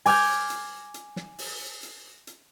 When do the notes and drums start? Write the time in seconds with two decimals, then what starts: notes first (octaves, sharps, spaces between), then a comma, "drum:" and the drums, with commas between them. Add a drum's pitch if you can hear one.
0.06 G#5 D6 F6 G6 G#6, drum: open hi-hat
0.50 drum: hi-hat
0.94 drum: hi-hat
1.16 drum: snare
1.38 drum: open hi-hat
1.83 drum: hi-hat
2.27 drum: hi-hat